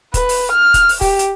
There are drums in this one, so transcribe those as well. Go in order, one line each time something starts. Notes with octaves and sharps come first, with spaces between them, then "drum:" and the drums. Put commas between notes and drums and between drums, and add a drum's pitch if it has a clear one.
B4, drum: kick, hi-hat
drum: open hi-hat
F6
drum: kick, hi-hat
drum: open hi-hat
G4, drum: kick, open hi-hat
drum: hi-hat